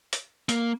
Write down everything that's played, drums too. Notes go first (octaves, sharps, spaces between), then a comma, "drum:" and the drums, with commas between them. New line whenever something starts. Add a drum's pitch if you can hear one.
drum: hi-hat
A#3, drum: hi-hat